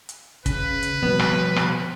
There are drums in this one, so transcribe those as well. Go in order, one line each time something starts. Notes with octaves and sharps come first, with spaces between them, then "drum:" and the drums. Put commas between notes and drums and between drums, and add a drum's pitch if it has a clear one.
drum: hi-hat
C#3 B4, drum: kick, hi-hat
drum: hi-hat
B2 F3 G3 B3
drum: rim click
drum: rim click